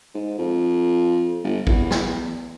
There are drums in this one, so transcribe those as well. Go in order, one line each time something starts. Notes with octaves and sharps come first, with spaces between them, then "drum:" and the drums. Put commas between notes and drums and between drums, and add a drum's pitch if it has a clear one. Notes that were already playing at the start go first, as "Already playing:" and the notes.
G#2
F2
G1
E2, drum: kick
drum: snare